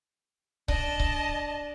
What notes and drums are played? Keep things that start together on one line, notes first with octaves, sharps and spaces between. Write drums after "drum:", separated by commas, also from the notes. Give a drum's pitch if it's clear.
D4 D#5 A5, drum: kick C#1
drum: kick C#1